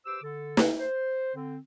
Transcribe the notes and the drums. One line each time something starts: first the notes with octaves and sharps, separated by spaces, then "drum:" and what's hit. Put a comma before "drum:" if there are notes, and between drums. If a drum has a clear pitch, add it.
G4 B4 C5 D6 E6
D3 A4
drum: snare
C5
D3 C4